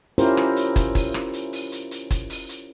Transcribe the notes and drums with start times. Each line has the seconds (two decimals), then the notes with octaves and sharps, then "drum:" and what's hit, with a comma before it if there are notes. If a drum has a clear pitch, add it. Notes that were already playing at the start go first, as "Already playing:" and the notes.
0.18 C#4 E4 F4 G4 A#4 C5, drum: hi-hat
0.37 drum: rim click
0.57 drum: hi-hat
0.76 drum: kick, hi-hat
0.95 drum: kick, open hi-hat
1.14 drum: rim click
1.34 drum: hi-hat
1.53 drum: open hi-hat
1.72 drum: hi-hat
1.91 drum: hi-hat
2.11 drum: kick, hi-hat
2.30 drum: open hi-hat
2.49 drum: hi-hat